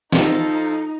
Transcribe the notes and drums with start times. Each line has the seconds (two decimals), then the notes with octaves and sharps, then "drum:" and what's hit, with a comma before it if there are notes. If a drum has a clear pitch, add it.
0.12 F3 D#4 A4, drum: snare